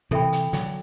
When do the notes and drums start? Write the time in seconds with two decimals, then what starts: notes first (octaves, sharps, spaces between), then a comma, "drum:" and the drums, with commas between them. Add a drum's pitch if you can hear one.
0.11 C3 E3 A4 E5 G5 B5
0.32 drum: hi-hat
0.53 D3 F#3, drum: hi-hat